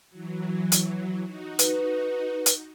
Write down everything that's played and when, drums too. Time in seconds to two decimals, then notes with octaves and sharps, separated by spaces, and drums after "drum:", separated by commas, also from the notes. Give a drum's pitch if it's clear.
0.10 E3 F#3
0.72 drum: hi-hat
1.25 D#4 F#4
1.59 B4, drum: hi-hat
2.46 drum: hi-hat